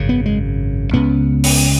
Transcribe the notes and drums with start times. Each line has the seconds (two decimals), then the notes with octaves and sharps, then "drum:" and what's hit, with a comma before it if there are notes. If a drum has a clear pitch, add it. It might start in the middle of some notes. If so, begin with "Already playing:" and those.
Already playing: G#1 F#2 C#3
0.09 B3
0.26 G#3
0.93 C#2 C#3 B3
1.44 drum: open hi-hat